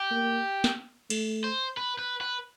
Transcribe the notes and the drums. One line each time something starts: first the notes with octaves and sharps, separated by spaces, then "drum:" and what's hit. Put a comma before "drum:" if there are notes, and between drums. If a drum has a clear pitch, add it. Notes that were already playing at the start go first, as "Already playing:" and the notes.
Already playing: G4
A#3
drum: snare
A3, drum: cymbal
C5
B4
B4
B4